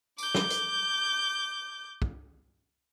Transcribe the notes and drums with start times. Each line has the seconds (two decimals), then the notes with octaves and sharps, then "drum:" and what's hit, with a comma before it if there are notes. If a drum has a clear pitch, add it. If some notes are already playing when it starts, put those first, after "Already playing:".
0.18 D6 G6, drum: tambourine
0.35 drum: snare
0.50 drum: hi-hat
2.02 drum: kick